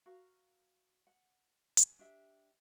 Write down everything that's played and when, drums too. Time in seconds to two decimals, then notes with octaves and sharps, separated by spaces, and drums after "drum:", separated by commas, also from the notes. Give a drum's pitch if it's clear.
0.06 F#4 A#4 F5
1.07 F#5
1.77 drum: hi-hat
1.99 D4 G4 E5